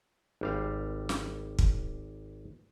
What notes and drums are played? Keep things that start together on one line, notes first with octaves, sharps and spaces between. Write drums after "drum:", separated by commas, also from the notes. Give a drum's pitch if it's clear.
G#1 G3 F5
drum: snare
drum: kick